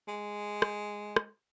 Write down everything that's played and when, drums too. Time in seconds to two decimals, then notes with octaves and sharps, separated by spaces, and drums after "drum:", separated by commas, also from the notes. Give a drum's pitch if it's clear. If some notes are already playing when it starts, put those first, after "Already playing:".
0.08 G#3
0.62 drum: rim click
1.16 drum: rim click